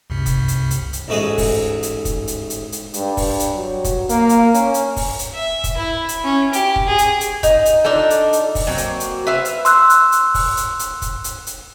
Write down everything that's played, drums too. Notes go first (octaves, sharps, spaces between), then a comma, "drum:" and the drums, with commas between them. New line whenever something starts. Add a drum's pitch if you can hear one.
C2 F#2 C3
drum: kick, hi-hat
drum: hi-hat
drum: hi-hat
drum: hi-hat
A1 G#2 A3 F#4 G#4 D#6
drum: kick, open hi-hat
drum: hi-hat
drum: kick, hi-hat
drum: hi-hat
drum: hi-hat
drum: hi-hat
G2, drum: hi-hat
drum: kick, open hi-hat
drum: hi-hat
F#3
drum: kick, hi-hat
A#3, drum: hi-hat
drum: hi-hat
C#4, drum: hi-hat
drum: hi-hat
drum: kick, open hi-hat
drum: hi-hat
E5
drum: kick, hi-hat
E4
drum: hi-hat
C#4
G4, drum: hi-hat
drum: kick
G#4
drum: hi-hat
drum: hi-hat
D#4, drum: kick, hi-hat
drum: hi-hat
D4 D#4 F4 A4
drum: hi-hat
drum: hi-hat
drum: kick, open hi-hat
F#3 A#3 C4
drum: hi-hat
drum: hi-hat
B4 C5 E5 F5
drum: hi-hat
C6 E6 F#6, drum: hi-hat
drum: hi-hat
drum: hi-hat
drum: kick, open hi-hat
drum: hi-hat
drum: hi-hat
drum: kick, hi-hat
drum: hi-hat
drum: hi-hat